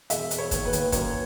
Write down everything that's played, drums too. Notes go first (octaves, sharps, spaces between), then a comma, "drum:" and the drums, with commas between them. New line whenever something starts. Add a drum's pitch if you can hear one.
E1 E5, drum: hi-hat
E1, drum: hi-hat
C#5
D#2, drum: kick F1, hi-hat
B4
D#2, drum: hi-hat
F#2 C#5, drum: kick F1, hi-hat